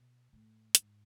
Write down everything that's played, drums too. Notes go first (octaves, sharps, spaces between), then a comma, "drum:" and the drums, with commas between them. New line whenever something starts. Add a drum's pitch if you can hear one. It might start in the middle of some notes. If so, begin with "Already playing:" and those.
Already playing: B2
A2
G#2, drum: hi-hat